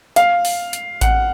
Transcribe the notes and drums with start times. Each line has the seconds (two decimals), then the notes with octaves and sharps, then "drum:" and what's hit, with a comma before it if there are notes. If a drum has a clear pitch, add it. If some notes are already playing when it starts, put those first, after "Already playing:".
0.16 F5, drum: hi-hat
0.45 drum: open hi-hat
0.73 drum: hi-hat
1.01 F#5, drum: kick A1, hi-hat